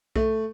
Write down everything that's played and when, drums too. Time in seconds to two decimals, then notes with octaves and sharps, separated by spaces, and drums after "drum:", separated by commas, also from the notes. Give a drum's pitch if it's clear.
0.16 A3, drum: kick B1